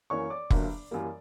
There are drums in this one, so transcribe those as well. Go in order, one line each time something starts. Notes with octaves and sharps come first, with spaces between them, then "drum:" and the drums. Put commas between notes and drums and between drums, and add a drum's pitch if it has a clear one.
F#2 E3 A#3 C#4 C#5 C#6
D5 D6
G1 G2 F#3 A#3, drum: kick F1
F#2 E3 G3 A#3